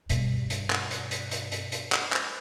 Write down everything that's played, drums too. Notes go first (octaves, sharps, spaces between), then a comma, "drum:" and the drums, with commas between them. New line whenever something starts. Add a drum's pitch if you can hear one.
G2 B2, drum: hi-hat
drum: hi-hat
drum: clap
drum: hi-hat
drum: hi-hat
drum: hi-hat
drum: hi-hat
drum: hi-hat
drum: clap
drum: clap